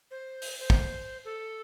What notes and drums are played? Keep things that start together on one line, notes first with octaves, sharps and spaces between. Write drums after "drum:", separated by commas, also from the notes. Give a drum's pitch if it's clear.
C5
drum: open hi-hat
C5
drum: kick
A4